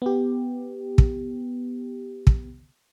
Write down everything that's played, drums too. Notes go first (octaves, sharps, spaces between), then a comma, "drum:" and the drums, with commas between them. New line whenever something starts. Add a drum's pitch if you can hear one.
B3 G4
drum: kick
drum: kick